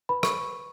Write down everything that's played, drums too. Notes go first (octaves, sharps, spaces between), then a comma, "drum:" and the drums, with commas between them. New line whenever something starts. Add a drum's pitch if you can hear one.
B4 B5
C#6, drum: rim click